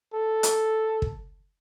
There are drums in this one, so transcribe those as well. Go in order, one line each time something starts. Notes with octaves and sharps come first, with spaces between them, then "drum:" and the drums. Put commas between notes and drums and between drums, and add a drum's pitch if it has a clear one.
A4
drum: hi-hat
drum: kick